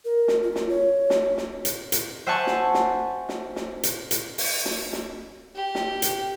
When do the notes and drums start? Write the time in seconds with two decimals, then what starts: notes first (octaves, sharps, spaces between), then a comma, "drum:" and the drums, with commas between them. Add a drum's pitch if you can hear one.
0.05 A#4
0.28 drum: snare
0.43 F4
0.55 drum: snare
0.69 C#5
1.10 drum: snare
1.37 drum: snare
1.65 drum: hi-hat
1.92 drum: hi-hat
2.26 C5 E5 F#5 G#5 A5 C#6
2.47 drum: snare
2.74 drum: snare
3.29 drum: snare
3.56 drum: snare
3.83 drum: hi-hat
4.11 drum: hi-hat
4.38 drum: open hi-hat
4.65 drum: snare
4.93 drum: snare
5.55 G4
5.75 drum: snare
6.02 drum: hi-hat